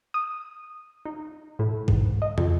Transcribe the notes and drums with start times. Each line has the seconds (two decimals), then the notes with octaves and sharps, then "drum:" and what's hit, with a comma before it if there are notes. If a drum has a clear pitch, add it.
0.14 D#6
1.05 D#4
1.59 A2
1.88 G#2, drum: kick
2.22 D#5
2.38 F2, drum: tom